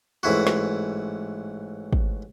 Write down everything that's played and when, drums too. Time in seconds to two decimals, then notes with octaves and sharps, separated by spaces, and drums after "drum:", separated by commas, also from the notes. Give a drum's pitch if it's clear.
0.23 A1 G#2 E4 F#4
0.47 drum: snare
1.93 drum: kick